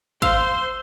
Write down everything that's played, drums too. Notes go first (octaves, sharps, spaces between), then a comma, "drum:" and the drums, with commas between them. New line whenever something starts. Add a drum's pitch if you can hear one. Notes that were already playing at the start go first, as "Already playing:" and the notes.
C5 F5 C6 E6, drum: kick